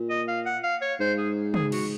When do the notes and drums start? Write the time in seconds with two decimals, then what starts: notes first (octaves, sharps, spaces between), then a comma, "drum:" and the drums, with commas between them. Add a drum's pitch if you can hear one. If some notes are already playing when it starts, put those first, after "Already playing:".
Already playing: A#2
0.10 D#5
0.28 F5
0.46 F#5
0.64 F5
0.81 C#5
1.00 G#2 C5
1.18 G#4
1.54 G#4, drum: tom
1.72 F#4, drum: cymbal